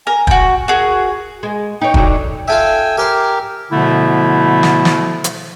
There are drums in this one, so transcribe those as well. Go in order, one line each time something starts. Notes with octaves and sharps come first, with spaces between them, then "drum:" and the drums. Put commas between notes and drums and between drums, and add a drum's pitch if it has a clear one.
A#4 G#5
F#4 G5, drum: kick
F#4 G#4 A#4
G#3
D#4 C#5 G5
D3 F#3 D#4, drum: kick
F4 A4 E5 G5 G#5 E6
G4 A#4 C5 G5 G#5
B2 D3 F3 A3 B3 E4
drum: snare
drum: snare
drum: hi-hat